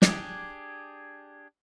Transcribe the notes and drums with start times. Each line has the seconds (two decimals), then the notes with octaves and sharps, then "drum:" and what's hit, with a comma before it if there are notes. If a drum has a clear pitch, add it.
0.02 D4 G4 G#4, drum: snare